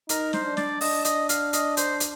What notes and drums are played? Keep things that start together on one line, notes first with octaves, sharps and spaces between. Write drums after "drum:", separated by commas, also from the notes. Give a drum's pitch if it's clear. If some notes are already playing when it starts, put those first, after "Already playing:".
D#4 A#4, drum: hi-hat
C5, drum: snare
D4
D5, drum: snare
D4 D#5, drum: open hi-hat
D#5, drum: hi-hat
F5, drum: hi-hat
D#5, drum: hi-hat
C5, drum: hi-hat
drum: hi-hat